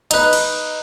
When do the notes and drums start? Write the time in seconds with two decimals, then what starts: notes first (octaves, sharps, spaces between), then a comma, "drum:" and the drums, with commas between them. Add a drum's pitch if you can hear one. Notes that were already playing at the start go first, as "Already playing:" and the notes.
0.11 D#4 B4, drum: hi-hat
0.33 drum: cymbal